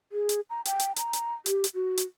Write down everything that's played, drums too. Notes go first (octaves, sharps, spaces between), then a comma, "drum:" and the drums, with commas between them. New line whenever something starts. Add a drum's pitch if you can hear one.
G#4
drum: hi-hat
A#5
G5, drum: hi-hat
drum: hi-hat
A#5, drum: hi-hat
drum: hi-hat
G4, drum: hi-hat
drum: hi-hat
F#4
drum: hi-hat